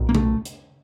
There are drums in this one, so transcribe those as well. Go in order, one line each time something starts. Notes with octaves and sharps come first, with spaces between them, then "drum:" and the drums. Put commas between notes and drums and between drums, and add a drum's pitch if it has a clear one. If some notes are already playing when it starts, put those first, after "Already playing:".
Already playing: B1 A#2
A#3
A3, drum: tom C3
drum: hi-hat